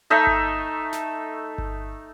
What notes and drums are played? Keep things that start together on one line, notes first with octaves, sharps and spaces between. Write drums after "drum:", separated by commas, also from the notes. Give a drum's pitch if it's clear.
A3 D#4 E5
drum: kick G1
drum: snare
drum: kick G1